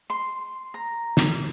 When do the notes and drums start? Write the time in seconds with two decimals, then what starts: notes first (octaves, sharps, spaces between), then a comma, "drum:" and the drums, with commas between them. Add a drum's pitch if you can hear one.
0.10 C6
0.74 A#5
1.17 drum: snare